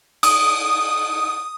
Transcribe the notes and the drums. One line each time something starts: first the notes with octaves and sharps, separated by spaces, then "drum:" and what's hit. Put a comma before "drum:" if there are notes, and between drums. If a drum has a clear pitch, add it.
D#6, drum: cymbal